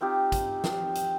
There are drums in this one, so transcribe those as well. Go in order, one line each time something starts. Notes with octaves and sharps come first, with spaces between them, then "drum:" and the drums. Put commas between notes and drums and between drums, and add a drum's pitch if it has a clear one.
C4 D#4 F4 G4
drum: kick, hi-hat
drum: snare
drum: hi-hat